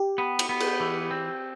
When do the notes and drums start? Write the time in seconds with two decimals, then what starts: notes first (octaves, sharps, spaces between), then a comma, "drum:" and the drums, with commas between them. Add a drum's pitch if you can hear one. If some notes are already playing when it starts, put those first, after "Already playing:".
Already playing: G4
0.18 B3
0.39 drum: cymbal
0.49 B3
0.60 drum: cymbal
0.80 E3
1.11 C4